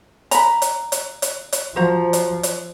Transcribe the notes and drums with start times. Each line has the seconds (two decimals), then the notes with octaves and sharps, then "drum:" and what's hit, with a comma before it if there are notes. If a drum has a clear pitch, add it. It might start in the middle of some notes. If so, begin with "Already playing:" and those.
0.31 A#5 B5, drum: hi-hat
0.62 drum: hi-hat
0.92 drum: hi-hat
1.22 drum: hi-hat
1.53 drum: hi-hat
1.76 F3 F#4 C5 A#5
2.13 drum: hi-hat
2.43 drum: hi-hat